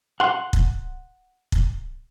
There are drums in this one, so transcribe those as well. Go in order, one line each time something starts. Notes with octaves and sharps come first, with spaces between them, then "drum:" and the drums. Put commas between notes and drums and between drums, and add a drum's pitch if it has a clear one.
F#5 C6
drum: kick
drum: kick